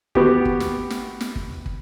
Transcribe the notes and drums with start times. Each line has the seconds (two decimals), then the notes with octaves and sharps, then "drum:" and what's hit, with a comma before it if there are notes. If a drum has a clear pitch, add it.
0.15 B3 F#4 G4, drum: kick
0.45 drum: kick
0.60 drum: snare
0.90 drum: snare
1.21 drum: snare
1.36 drum: kick
1.66 drum: kick